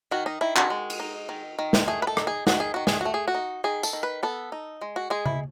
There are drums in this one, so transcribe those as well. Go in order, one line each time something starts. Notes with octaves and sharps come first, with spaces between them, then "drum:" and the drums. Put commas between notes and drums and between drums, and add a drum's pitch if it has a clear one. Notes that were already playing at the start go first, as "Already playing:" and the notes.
D#3 F#4
D#4
D#3 E4
F#4, drum: clap
G#3
drum: cymbal
D#4
D#3
D#3
drum: snare
A3 G#4
B4
A4
D#4, drum: rim click
G#4
D#3 F#4, drum: snare
G#4
D#3 F#4
G#4, drum: snare
A3 F#4
G#4
F#4
D#4
D#3 G#4
A4, drum: tambourine
D#3
B4
B3 A4
D#4
G#3
F#4
G#3 G#4
E4, drum: tom C#3